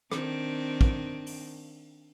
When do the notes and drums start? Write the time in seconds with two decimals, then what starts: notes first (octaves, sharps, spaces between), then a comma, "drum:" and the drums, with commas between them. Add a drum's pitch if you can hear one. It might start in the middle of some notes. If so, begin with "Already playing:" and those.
0.12 D#3 C4 D4, drum: rim click
0.81 drum: kick
1.26 drum: open hi-hat